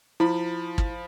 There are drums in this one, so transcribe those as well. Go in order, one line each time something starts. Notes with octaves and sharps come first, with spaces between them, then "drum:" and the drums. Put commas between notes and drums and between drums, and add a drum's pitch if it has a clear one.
F3 E4 B5
drum: kick